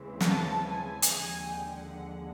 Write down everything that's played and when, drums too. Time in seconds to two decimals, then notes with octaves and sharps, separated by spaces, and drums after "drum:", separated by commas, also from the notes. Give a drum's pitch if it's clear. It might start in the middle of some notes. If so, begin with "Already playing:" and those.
Already playing: D#2 C#3 E3 G#3 C4
0.21 A5, drum: snare
0.67 G#5
1.02 drum: hi-hat
1.15 D#2 D3 F3 G#3 G#5
1.47 G5
1.77 F#5